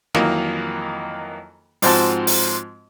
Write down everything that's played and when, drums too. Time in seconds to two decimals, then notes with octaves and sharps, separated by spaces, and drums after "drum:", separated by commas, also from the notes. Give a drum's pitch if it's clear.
0.14 F2 D#3 E3 F#3 A#3 D#5, drum: snare
1.82 G#2 F3 C4 F#4 C5 A5, drum: open hi-hat
2.27 drum: open hi-hat